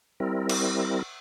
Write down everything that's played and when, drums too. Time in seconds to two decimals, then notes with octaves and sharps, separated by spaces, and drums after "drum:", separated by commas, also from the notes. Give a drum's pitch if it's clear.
0.20 G3 C4 E4 A#4
0.49 drum: cymbal